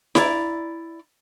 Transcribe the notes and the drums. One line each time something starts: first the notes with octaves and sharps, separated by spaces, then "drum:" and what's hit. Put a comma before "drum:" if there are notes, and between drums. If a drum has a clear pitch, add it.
E4 D5 A#5, drum: snare E4